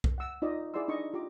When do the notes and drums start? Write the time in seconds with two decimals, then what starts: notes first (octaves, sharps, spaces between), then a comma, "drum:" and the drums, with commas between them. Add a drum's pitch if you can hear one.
0.04 drum: kick B1
0.18 F#5 E6
0.42 D#4 F4 D5 D#5
0.74 E4 G#4 D5 F#5 C6 E6
0.88 D4 D#4 D5 D#5 C#6
1.14 F4 G4 A#5 D6